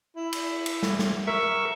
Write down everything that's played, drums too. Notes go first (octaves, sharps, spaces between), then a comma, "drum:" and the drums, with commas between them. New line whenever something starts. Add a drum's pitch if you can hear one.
E4
drum: cymbal
drum: cymbal
drum: snare
drum: snare
A#4 E5 C#6